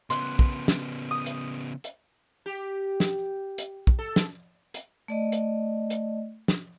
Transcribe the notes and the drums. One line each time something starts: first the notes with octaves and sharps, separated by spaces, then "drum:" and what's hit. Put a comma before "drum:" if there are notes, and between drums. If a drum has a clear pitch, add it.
C#3 B3 C6 F#6, drum: hi-hat
drum: kick
drum: snare
D#6
drum: hi-hat
drum: hi-hat
G4
drum: snare
drum: hi-hat
drum: kick
A4
drum: snare
drum: hi-hat
A3 D5 D#5
drum: hi-hat
drum: hi-hat
drum: snare